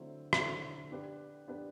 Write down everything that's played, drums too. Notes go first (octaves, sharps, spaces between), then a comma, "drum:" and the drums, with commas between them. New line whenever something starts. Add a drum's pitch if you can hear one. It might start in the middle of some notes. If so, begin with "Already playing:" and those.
Already playing: D3 F#3 A3 C4 E4
D3 F#3 A3 C4 E4, drum: rim click
B3 D4 G4 B4
B3 D4 G4 B4